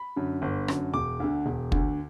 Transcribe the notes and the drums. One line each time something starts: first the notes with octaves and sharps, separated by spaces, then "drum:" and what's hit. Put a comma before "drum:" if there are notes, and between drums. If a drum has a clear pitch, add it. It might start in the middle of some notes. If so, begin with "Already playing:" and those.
Already playing: B5
F#2 D3
G1
F#2 D3, drum: rim click
E1 D6
D2 D3
E1
D2 D3, drum: kick